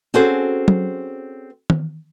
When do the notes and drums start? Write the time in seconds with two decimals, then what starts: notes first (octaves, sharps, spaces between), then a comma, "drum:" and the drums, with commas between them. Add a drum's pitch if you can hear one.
0.14 C4 C#4 F#4 G#4 A4 C5
0.68 drum: tom
1.70 drum: tom